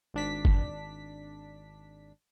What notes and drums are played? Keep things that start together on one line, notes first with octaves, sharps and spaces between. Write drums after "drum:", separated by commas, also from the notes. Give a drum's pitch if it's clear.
G#1 D4 B6
drum: kick G1